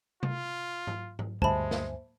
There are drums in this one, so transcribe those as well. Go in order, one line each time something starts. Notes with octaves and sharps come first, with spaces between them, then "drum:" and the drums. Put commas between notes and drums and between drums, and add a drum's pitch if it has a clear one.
F4, drum: tom C3
drum: tom G#2
drum: tom G#2
D2 G2 G#3 C5 E5 G#5 A5 B5, drum: kick
drum: snare